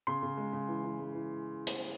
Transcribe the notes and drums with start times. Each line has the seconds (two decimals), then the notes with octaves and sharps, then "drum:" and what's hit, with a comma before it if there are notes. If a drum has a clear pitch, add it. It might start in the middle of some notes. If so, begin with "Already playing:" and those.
0.07 C#3 C6
0.23 C#3
0.37 G#3
0.53 C#3
0.68 E3
0.84 E3
0.99 G#3
1.14 E3
1.67 drum: hi-hat